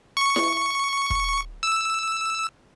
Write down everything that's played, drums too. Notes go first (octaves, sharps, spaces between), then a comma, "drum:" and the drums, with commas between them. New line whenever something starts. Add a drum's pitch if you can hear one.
C#6
drum: snare E4
drum: kick
E6